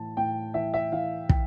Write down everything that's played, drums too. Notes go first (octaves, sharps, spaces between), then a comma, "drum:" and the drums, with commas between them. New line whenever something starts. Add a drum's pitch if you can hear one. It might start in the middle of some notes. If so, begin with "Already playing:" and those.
Already playing: A2 E3 A5
A2 G5
E3 E5
E5
E3 F5
E3 G5, drum: kick